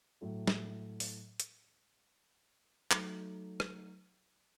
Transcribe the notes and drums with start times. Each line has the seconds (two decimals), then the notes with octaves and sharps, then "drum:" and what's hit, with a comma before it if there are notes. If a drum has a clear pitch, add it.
0.21 A2 F#3 A3 E4
0.47 drum: snare
1.00 drum: open hi-hat
1.40 drum: hi-hat
2.91 F#3 A3 D#4, drum: clap
3.60 drum: rim click